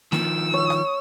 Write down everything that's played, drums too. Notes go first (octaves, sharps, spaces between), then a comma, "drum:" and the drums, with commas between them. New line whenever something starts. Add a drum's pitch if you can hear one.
D#3 F3 E6, drum: snare
C#5
drum: rim click